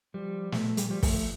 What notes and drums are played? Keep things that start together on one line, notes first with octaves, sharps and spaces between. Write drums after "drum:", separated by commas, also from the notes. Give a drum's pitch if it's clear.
F3 G3
A#2 A3, drum: snare
G3, drum: hi-hat
F3 G3
A3, drum: kick, open hi-hat